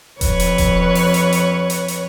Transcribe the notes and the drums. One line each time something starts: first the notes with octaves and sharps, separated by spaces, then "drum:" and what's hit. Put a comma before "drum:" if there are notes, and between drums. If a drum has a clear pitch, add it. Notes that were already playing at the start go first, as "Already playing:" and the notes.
F2 B4 C#5, drum: kick E1, hi-hat
drum: hi-hat
drum: kick E1, hi-hat
drum: open hi-hat
drum: hi-hat
drum: hi-hat
drum: hi-hat
drum: hi-hat